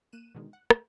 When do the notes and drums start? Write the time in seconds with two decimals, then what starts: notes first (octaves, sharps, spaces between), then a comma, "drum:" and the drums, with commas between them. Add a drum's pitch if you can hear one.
0.13 A#3 F#6 D#7 E7
0.35 B2 D3 D#3 G#3
0.53 F#5
0.70 A3, drum: rim click